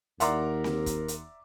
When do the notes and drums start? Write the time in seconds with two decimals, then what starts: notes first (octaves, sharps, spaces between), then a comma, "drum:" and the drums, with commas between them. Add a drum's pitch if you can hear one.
0.20 D#2 A#4 D5 E5 F#5 A#5 C6 D6, drum: hi-hat
0.64 drum: snare C4
0.86 drum: kick, hi-hat
1.08 drum: hi-hat